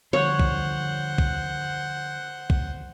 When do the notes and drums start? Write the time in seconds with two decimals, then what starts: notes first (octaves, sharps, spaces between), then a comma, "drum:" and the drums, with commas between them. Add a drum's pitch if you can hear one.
0.13 D3 F3 G3 C5 C#5 F#5
0.40 drum: kick
1.18 drum: kick
2.50 drum: kick